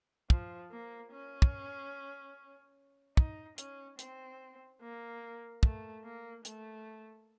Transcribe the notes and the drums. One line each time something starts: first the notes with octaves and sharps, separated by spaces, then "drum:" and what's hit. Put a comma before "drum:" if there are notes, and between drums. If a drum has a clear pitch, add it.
F3, drum: kick
A#3
C#4
drum: kick
D#4, drum: kick
C#4, drum: hi-hat
C4, drum: hi-hat
A#3
A3, drum: kick
A#3
A3, drum: hi-hat